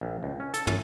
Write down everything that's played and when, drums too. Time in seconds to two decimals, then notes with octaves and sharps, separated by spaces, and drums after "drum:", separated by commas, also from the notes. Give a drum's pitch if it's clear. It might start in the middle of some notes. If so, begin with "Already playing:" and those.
0.01 A#1
0.23 C#2
0.40 C#4
0.54 A4, drum: hi-hat
0.67 F#2, drum: tom